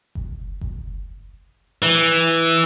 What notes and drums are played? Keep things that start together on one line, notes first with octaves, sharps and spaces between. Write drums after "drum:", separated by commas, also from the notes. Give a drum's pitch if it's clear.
drum: kick F#1
drum: kick F#1
E3
drum: hi-hat